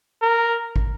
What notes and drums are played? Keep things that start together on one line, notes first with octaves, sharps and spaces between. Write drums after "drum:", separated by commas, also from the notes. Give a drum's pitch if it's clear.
A#4
drum: kick